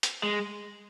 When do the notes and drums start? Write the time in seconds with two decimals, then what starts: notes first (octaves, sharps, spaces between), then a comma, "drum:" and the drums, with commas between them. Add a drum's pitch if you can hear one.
0.03 drum: hi-hat
0.23 G#3